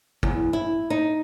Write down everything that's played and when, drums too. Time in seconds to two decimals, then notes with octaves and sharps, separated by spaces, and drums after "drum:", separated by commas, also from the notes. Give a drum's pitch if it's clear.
0.23 E2, drum: kick
0.53 E4
0.90 D#4